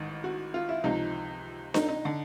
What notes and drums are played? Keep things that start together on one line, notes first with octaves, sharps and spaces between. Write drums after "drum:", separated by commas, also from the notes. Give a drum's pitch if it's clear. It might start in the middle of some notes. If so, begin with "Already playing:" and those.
Already playing: A1 G#2 D#3
F#4
F4
E4
C#2 C3 F3 D#4
D#4, drum: snare D4
D#4
D3